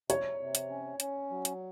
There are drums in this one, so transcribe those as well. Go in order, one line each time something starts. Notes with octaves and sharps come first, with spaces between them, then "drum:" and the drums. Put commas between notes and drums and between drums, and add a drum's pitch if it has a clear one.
C3 C#5, drum: hi-hat
C3
drum: hi-hat
C#4
C#4, drum: hi-hat
F#3
drum: hi-hat